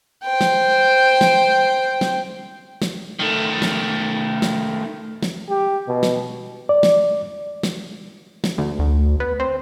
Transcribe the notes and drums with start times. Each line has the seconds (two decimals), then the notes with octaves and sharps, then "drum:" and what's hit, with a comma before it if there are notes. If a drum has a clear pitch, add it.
0.25 C5 G5
0.41 drum: snare
1.21 drum: snare
2.01 drum: snare
2.82 drum: snare
3.19 D#3 A3
3.62 drum: snare
4.42 drum: snare
5.23 drum: snare
5.49 G4
5.88 B2
6.03 drum: snare
6.69 D5
6.83 drum: snare
7.63 drum: snare
8.44 drum: snare
8.58 D2
8.79 D2
9.20 B3
9.40 C4